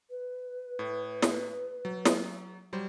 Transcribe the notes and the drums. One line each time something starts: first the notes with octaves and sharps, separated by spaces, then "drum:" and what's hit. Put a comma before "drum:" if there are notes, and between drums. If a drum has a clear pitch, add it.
B4
A2
drum: snare
F#3
drum: snare
F#3 G3 C5